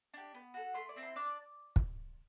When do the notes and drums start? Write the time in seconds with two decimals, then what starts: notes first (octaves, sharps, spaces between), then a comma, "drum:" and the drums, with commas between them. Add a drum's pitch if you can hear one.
0.14 D4 G4
0.34 B3
0.54 F#4 A4
0.75 A3 C6
0.89 D5
0.96 C4 E4
1.03 C6
1.16 D4 D6
1.76 drum: kick